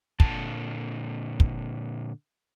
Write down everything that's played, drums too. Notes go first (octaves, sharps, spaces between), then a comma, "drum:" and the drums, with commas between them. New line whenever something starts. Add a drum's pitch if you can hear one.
A#2 D3 A5, drum: kick
drum: kick